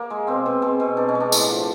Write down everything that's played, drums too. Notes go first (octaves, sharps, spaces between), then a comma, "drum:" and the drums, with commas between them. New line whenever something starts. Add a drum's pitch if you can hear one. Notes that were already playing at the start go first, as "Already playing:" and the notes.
Already playing: A#3
G#3
B2 C4
B2
G#3 C4
B2
B2 D4
C#4
G#3
D4
A2, drum: tambourine
F3